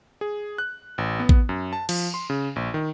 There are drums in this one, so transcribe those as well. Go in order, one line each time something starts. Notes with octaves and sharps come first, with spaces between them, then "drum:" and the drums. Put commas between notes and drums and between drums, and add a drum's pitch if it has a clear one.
G#4
F#6
A1
B3
drum: kick A1
F#2
A5
F3, drum: cymbal
C6
C#3
A#1
D#3